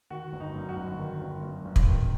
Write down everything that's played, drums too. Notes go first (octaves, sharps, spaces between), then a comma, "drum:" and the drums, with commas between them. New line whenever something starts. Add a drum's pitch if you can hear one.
D#3 F#4
G1
D#4
F#2
F#4
G1
D#3
G1
F#2
G1
drum: kick
D#3